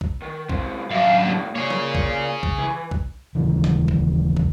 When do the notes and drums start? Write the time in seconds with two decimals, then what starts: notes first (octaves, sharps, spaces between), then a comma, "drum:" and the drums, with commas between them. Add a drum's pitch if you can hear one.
0.01 drum: kick
0.22 D#3
0.49 C#2 C4, drum: kick
0.91 F#2 D4 F5
1.25 C#2 A#3
1.56 A#2 A#3 G#4 C#5
1.70 drum: snare
1.95 drum: kick
2.43 drum: kick
2.58 E3
2.91 drum: kick
3.35 D#1 C2 C#3 E3
3.64 drum: snare
3.88 drum: kick
4.37 drum: kick